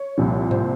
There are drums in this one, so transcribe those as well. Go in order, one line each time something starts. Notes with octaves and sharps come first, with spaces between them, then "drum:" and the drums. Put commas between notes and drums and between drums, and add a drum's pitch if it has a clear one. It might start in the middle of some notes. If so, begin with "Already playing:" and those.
Already playing: C#5
C2 A#2 F3
C5, drum: tom G#2